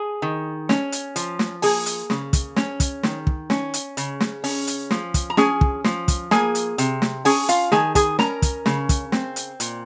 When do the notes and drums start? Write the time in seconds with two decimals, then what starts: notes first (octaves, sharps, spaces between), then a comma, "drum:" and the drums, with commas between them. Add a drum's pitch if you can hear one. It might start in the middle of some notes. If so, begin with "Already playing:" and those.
Already playing: G#4 G#5
0.22 D#3
0.69 C#4, drum: snare
0.92 drum: hi-hat
1.16 F3, drum: hi-hat
1.39 drum: snare
1.62 A#3 G#4 G#5, drum: open hi-hat
1.86 drum: hi-hat
2.10 C#3, drum: snare
2.33 drum: kick, hi-hat
2.56 C#4, drum: snare
2.80 drum: kick, hi-hat
3.03 D#3, drum: snare
3.27 drum: kick
3.50 C#4, drum: snare
3.74 drum: hi-hat
3.97 C#3, drum: hi-hat
4.20 drum: snare
4.44 C#4, drum: open hi-hat
4.67 drum: hi-hat
4.91 F3, drum: snare
5.14 drum: kick, hi-hat
5.30 A#5
5.37 C#4 G#4 G#5, drum: snare
5.61 drum: kick
5.84 F3, drum: snare
6.08 drum: kick, hi-hat
6.31 A#3 G#4 G#5, drum: snare
6.55 drum: hi-hat
6.78 C3, drum: hi-hat
7.02 drum: snare
7.25 C#4 G#4 G#5, drum: open hi-hat
7.49 F4 F5, drum: hi-hat
7.72 D#3 G#4 G#5, drum: snare
7.95 G#4 G#5, drum: kick, hi-hat
8.19 C#4 A#4 A#5, drum: snare
8.42 drum: kick, hi-hat
8.66 C#3, drum: snare
8.89 drum: kick, hi-hat
9.12 C4, drum: snare
9.36 drum: hi-hat
9.60 A#2, drum: hi-hat